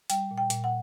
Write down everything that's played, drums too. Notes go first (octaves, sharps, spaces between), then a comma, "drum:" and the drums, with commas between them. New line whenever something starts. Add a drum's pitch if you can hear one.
G3 G5, drum: hi-hat
A#2
G5
A#2, drum: hi-hat
F#5